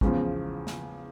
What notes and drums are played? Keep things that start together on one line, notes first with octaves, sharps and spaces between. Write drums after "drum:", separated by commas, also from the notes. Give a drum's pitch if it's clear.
E2 C#3 F3, drum: kick
drum: snare